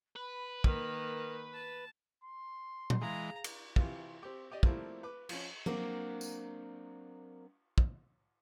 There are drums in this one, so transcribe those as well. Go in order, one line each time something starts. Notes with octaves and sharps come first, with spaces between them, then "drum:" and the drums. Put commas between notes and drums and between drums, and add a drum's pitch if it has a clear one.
B4 B5
D#3 A#3 A#4, drum: kick
A5
C6
drum: tom A#2
E3 G#3 G#4 F5 A#5
drum: cymbal
C3 E3 F4, drum: kick
C4 G4
G4 D5 D#5
F3 G3 A3 A#3 C4 E4, drum: kick
B4 D6
F3 C#4, drum: cymbal
F#3 A#3 C4 D4, drum: tom F3
drum: tambourine
drum: kick